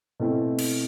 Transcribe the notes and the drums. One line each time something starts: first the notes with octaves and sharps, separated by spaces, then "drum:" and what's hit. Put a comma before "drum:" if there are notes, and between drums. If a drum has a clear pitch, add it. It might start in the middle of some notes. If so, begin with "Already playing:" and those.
B2 A3 C4 E4
drum: cymbal